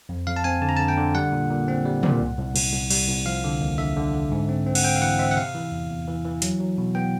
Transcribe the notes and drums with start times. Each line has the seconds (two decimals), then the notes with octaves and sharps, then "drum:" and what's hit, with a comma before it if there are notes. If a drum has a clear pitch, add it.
0.09 F2
0.27 F2 F5
0.36 A5
0.44 C4 G#5
0.62 D3 A5
0.69 A#5
0.77 D3 A5
0.88 G5
0.97 D3
1.15 G3 F#5
1.32 A#2
1.50 A#2
1.68 C4
1.85 G3
2.03 A#2, drum: tom
2.20 C2
2.38 C2
2.56 C2, drum: cymbal
2.73 C2
2.90 G3, drum: cymbal
3.08 C2
3.26 F3 F5
3.44 D3
3.61 D#2
3.78 D3 E5
3.96 D3
4.14 D3
4.31 G#2
4.49 C4
4.67 C4
4.75 F#5, drum: cymbal
4.84 C4 G5
4.96 F5
5.02 E3 F#5
5.19 C4 E5
5.31 F#5
5.37 C3 F5
5.55 E3
5.72 E2
5.90 E2
6.07 E3
6.25 E3
6.42 F#3, drum: hi-hat
6.60 F#3
6.78 B2
6.95 B3 G5